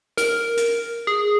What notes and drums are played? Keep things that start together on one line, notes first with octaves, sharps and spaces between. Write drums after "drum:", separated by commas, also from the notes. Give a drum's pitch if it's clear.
A#4, drum: hi-hat
drum: hi-hat
G#4